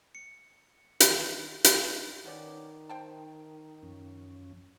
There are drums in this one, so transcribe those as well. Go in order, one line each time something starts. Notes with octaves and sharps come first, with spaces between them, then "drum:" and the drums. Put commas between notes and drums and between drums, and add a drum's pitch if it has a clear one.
C#7
D#3 E3, drum: hi-hat
drum: hi-hat
D#3 B3 C#4 D5
C5 G5 A5
F#2 F3 C#4